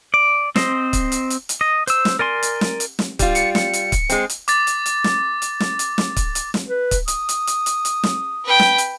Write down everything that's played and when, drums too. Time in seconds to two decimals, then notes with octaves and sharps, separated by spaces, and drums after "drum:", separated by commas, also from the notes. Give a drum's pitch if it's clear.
0.14 D5
0.56 C4 C5 D#5, drum: snare
0.93 drum: kick C#1, hi-hat
1.12 drum: hi-hat
1.30 drum: hi-hat
1.49 drum: hi-hat
1.61 D#5
1.87 C5 E6, drum: hi-hat
2.05 drum: snare
2.19 A#4 D5 G#5 C6
2.43 drum: hi-hat
2.61 drum: snare
2.80 drum: hi-hat
2.99 drum: snare
3.19 G3 F4, drum: kick C#1, hi-hat
3.35 C#7, drum: hi-hat
3.55 C#7, drum: snare
3.73 drum: hi-hat
3.92 drum: kick C#1, hi-hat
4.10 G#3 C4, drum: hi-hat
4.30 drum: hi-hat
4.48 D6 A6, drum: hi-hat
4.67 drum: hi-hat
4.86 drum: hi-hat
5.04 drum: snare
5.42 drum: hi-hat
5.60 drum: snare
5.79 drum: hi-hat
5.98 drum: snare
6.16 drum: kick C#1, hi-hat
6.35 drum: hi-hat
6.54 drum: snare
6.68 B4
6.91 drum: kick C#1, hi-hat
7.08 D#6, drum: hi-hat
7.29 drum: hi-hat
7.47 drum: hi-hat
7.66 drum: hi-hat
7.85 drum: hi-hat
8.03 drum: snare
8.45 B4 G5
8.60 drum: snare
8.78 drum: hi-hat